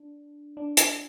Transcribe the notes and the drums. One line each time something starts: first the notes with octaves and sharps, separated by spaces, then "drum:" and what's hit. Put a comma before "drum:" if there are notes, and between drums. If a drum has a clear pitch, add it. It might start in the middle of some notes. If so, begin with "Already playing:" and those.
Already playing: D4
D4
drum: hi-hat